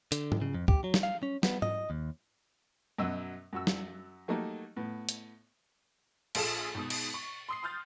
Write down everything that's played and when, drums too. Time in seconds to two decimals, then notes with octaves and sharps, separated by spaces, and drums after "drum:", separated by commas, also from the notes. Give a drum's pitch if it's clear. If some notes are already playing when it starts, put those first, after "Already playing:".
0.12 D3, drum: hi-hat
0.32 drum: tom G#2
0.42 C#3
0.54 F2
0.68 G4, drum: kick C#2
0.84 F#3
0.94 drum: snare
1.03 F5
1.23 C#4
1.43 B3, drum: snare
1.62 D#5, drum: tom G#2
1.90 D#2
2.98 F#2 B2 F#3 D#5 E6
3.53 F#2 F#4 E6
3.67 drum: snare
4.28 F#3 A3 A#3 D#4 G4
4.76 A2 B3
5.09 drum: hi-hat
6.35 A#1 F4 G#4 A4 D#6 E7, drum: cymbal
6.75 G#2 B2 D#6
6.90 drum: cymbal
7.14 C#6
7.49 C6 D#6 C7
7.63 C6 D#6 F6 G6 A6